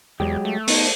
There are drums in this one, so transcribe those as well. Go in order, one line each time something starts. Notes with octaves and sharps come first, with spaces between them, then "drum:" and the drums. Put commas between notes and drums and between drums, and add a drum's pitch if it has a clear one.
E2 F#3 G#3 G4
A3
B3 D#4, drum: open hi-hat